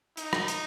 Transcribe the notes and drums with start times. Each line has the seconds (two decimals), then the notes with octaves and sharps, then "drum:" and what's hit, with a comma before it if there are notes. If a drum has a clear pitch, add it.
0.17 D#4, drum: hi-hat
0.33 drum: rim click
0.48 drum: hi-hat